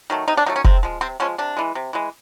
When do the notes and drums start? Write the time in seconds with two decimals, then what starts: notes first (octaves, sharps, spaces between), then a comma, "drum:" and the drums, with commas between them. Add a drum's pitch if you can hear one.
0.10 D#3 F#3 A3
0.28 C3 D#4
0.37 D4
0.46 D#3 F#3 A3 D#4
0.56 C#4
0.64 C3 C4, drum: kick F1
0.83 F3 G#3
1.01 C3 C4
1.20 F3 G#3 C#4
1.38 C3 D4
1.57 E3 G#3
1.75 C3
1.93 E3 G#3